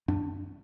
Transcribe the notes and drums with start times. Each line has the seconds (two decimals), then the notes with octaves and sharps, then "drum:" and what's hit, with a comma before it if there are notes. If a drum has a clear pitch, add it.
0.08 D4, drum: tom F#2